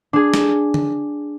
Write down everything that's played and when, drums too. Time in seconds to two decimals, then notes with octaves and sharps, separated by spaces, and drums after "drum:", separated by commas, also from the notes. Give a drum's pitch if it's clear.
0.13 D4 G#4
0.34 drum: snare
0.74 drum: tom